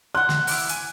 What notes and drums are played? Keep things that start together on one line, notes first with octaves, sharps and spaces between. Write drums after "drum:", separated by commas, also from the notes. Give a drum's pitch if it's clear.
F#5 C6 F#6
drum: snare
E4 D6 F6, drum: open hi-hat
G#5, drum: hi-hat